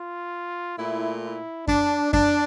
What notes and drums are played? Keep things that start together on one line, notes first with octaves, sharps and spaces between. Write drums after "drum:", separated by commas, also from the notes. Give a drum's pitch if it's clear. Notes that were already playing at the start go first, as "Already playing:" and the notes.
Already playing: F4
A#2 A3 E4
E4
D4, drum: kick F#2
D4, drum: kick F#2